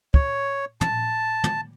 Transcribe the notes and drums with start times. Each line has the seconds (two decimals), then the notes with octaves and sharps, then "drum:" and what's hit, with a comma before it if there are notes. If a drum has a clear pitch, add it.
0.14 C#5, drum: kick
0.81 A5, drum: tom
1.44 drum: tom